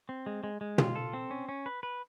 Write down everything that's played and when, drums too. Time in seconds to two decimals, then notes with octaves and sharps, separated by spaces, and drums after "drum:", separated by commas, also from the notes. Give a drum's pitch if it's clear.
0.09 C4
0.26 G#3
0.44 G#3
0.61 G#3
0.78 F4, drum: tom
0.96 A4
1.14 C4
1.31 C#4
1.49 C#4
1.66 B4
1.83 B4